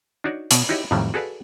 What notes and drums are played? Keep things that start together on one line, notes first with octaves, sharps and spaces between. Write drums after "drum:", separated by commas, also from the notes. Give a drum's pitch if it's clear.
D4 D#4 F#4 C#5 D5
B2 C#5 F5, drum: hi-hat
D#4 E4 F#4 G4 C#5 D#5
F2 A2 D#3 F#3 G3
F#4 G#4 A4 B4 D5 F5